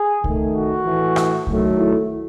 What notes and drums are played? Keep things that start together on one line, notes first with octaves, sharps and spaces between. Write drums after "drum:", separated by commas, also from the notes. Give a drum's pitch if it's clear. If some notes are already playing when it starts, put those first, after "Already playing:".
Already playing: G#4
D#3 A3, drum: kick C2
F#4
A2 E3 A3
drum: rim click
D#3 F#3 A3, drum: kick C2
E4